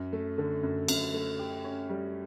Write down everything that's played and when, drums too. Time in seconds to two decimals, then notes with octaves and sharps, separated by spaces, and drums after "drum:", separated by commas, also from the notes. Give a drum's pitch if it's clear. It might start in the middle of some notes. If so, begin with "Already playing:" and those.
Already playing: F#2
0.13 A3
0.38 D3
0.63 F#2
0.88 F#2, drum: cymbal
1.14 A3
1.39 G4
1.64 C#4
1.89 G3